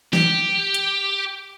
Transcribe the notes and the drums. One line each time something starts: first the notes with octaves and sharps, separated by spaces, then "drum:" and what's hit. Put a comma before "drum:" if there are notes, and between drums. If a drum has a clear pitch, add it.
G4, drum: snare E3
drum: hi-hat